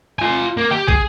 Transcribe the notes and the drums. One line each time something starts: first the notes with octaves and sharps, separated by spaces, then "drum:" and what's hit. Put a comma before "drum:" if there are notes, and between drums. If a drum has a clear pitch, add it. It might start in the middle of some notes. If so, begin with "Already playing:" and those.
F4 G#5
A#3
G4
G#4, drum: kick